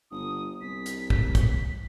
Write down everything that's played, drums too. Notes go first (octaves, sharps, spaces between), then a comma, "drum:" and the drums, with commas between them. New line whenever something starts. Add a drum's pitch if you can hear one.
G1 D#6
C2 B6
drum: hi-hat
drum: kick
drum: kick, hi-hat